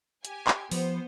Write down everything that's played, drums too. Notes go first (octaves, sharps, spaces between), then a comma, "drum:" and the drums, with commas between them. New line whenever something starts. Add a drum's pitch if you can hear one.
G4 G#5, drum: hi-hat
drum: clap
F3 B3 C5, drum: open hi-hat